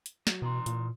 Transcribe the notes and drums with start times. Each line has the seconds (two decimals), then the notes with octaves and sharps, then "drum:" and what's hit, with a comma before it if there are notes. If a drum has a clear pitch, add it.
0.06 drum: hi-hat
0.27 F#3 F#4, drum: snare
0.42 B2 E3 A#5 C6
0.66 A#2, drum: hi-hat